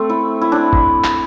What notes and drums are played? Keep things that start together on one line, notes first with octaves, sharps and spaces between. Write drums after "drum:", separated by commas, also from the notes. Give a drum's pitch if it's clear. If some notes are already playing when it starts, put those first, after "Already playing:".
Already playing: A3 C4
E4
E4
D4
drum: kick
drum: clap